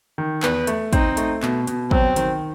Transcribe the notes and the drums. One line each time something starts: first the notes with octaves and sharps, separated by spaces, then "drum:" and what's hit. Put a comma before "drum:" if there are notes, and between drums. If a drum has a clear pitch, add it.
D#3
E2 B4, drum: clap
A3, drum: hi-hat
C4 D#4, drum: kick, hi-hat
A3, drum: hi-hat
B2, drum: clap
B2, drum: hi-hat
F#3 C4, drum: kick
D#3, drum: hi-hat